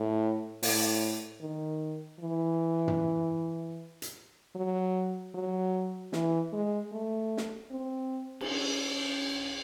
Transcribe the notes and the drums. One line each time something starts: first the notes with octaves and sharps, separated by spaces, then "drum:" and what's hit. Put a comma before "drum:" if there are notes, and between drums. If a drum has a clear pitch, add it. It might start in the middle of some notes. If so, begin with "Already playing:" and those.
Already playing: A2
A2, drum: open hi-hat
D#3
E3
drum: tom
drum: hi-hat
F#3
F#3
E3, drum: snare
G#3
A3
drum: snare
C4
drum: cymbal
C#4